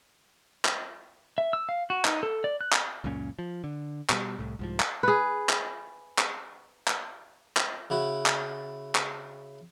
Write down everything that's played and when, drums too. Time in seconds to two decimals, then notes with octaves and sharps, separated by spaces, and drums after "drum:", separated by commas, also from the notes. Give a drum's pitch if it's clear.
0.65 drum: clap
1.38 E5
1.53 E6
1.69 F5
1.90 F#4
2.05 D#4, drum: clap
2.23 A4
2.44 D5
2.61 F#6
2.73 drum: clap
3.04 C#2 F#2 A#2 C#4
3.39 F3
3.64 D3
4.10 B2 G3, drum: clap
4.39 C2 A2
4.59 C2 G#2 F3
4.80 drum: clap
5.03 G#4 B4
5.49 drum: clap
6.18 drum: clap
6.88 drum: clap
7.57 drum: clap
7.90 C#3 E4 F#4
8.26 drum: clap
8.95 drum: clap